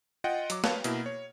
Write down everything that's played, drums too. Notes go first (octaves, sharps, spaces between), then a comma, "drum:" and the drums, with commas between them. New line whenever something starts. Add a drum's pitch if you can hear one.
F4 D#5 F#5 G5
F#3 D6, drum: hi-hat
B4 C#5 F5 A5, drum: snare
B2 A#3 E4, drum: hi-hat
C#5